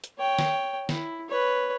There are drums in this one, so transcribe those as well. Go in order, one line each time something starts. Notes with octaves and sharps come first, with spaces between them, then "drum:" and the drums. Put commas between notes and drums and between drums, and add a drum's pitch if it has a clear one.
drum: hi-hat
C#5 G5
drum: snare
E4, drum: snare
B4 C#5